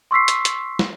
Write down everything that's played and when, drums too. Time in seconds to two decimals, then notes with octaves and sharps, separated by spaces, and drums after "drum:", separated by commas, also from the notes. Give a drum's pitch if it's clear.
0.11 C6 C#6 E6 B6 C7
0.28 drum: hi-hat
0.45 drum: hi-hat
0.79 drum: snare